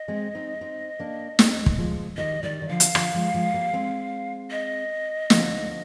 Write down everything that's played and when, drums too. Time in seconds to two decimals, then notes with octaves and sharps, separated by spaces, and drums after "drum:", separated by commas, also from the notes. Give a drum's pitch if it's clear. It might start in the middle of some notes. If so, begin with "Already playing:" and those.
Already playing: D#5
0.08 G#3 C4
0.35 C4 D#4
0.61 C4 D#4
0.99 A#3 D4
1.39 G#3 C4, drum: snare
1.66 drum: kick
1.78 F3 G#3
2.17 D#3 G3 D#5
2.43 D#3 G3 D5
2.62 D#3
2.69 D3 F3 F5
2.80 drum: hi-hat
2.95 D3 F3, drum: rim click
3.14 F3 G#3
3.34 F3 G#3
3.54 G3 A#3
3.73 G#3 C4
4.51 D#5
5.30 D3 F3, drum: snare